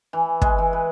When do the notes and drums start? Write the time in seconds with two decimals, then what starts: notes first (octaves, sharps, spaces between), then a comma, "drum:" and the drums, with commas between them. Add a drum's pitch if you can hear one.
0.13 E3
0.42 G#3, drum: kick
0.58 E3
0.73 B4